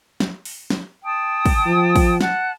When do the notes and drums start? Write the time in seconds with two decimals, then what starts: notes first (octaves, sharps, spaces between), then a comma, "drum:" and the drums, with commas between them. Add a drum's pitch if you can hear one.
0.20 drum: snare
0.45 drum: open hi-hat
0.70 drum: snare
1.04 G5 A5 D#6
1.46 drum: kick, open hi-hat
1.66 F3
1.96 drum: kick, open hi-hat
2.21 F#5 A5 F#6, drum: snare